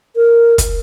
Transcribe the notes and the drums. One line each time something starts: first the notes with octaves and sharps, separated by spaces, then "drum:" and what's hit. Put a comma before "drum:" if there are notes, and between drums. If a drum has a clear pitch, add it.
A#4
drum: kick, hi-hat